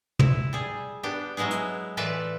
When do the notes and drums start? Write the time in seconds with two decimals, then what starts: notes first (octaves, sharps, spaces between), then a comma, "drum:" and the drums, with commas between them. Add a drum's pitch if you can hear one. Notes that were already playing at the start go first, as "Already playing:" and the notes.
0.19 E4, drum: tom
0.53 G3 G#4
1.03 B3 D4 G4
1.37 F#3 G#3 B3 E4 G#4
1.51 drum: hi-hat
1.97 A2 E3 F4 B4 D5 E5